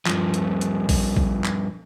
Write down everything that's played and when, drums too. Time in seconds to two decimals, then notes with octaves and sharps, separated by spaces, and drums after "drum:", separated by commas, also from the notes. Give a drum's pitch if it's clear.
0.06 G2 F3, drum: clap
0.34 drum: hi-hat
0.61 drum: hi-hat
0.89 drum: kick A#1, open hi-hat
1.16 drum: kick A#1
1.44 drum: clap